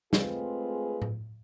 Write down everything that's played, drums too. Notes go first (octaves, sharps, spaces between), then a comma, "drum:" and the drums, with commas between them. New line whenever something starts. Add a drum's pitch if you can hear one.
G#3 A3 C4 F4 G#4 B4, drum: snare
drum: tom A2